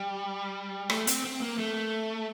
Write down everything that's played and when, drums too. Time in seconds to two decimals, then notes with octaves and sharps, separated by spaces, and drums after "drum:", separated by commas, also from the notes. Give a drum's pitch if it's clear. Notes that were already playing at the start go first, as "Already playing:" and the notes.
Already playing: G3
0.90 A3, drum: rim click
1.07 C4, drum: hi-hat
1.25 C4
1.42 A#3
1.58 A3